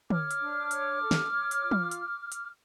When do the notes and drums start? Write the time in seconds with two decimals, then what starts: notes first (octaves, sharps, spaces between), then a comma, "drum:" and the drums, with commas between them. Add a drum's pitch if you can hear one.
0.10 C#5 D6 F6, drum: tom
0.31 drum: hi-hat
0.41 D4
0.71 C#5, drum: hi-hat
1.01 A4
1.11 drum: snare
1.31 C#5
1.51 drum: hi-hat
1.62 F4
1.71 drum: tom
1.91 drum: hi-hat
2.32 drum: hi-hat